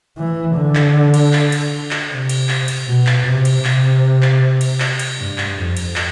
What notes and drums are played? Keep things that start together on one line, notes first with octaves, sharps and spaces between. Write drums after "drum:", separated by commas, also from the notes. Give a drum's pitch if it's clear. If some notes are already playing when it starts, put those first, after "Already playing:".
E3
D3
drum: clap
drum: cymbal
drum: clap
drum: cymbal
drum: clap
C3
drum: cymbal
drum: clap
drum: cymbal
B2
drum: clap
C3
drum: cymbal
C3, drum: clap
drum: clap
drum: cymbal
drum: clap
drum: cymbal
G2
drum: clap
F2
drum: cymbal
drum: clap